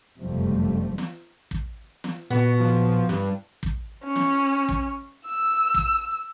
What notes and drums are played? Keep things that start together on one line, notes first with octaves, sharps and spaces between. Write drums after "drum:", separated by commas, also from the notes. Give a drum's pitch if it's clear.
F#1 F2 C3 F3 G3 A3
drum: snare
drum: kick
drum: snare
A#2 B3 F#4
F3
G2, drum: snare
drum: kick
C#4
drum: snare
drum: kick
E6
drum: kick